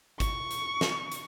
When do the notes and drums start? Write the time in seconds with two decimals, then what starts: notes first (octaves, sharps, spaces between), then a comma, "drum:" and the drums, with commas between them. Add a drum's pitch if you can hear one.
0.20 C#6, drum: kick, hi-hat
0.51 drum: hi-hat
0.81 drum: snare
1.12 drum: hi-hat